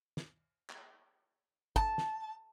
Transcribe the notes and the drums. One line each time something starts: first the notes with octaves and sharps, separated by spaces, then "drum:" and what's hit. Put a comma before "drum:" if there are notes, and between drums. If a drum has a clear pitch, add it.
drum: snare
drum: clap
A5, drum: kick
drum: snare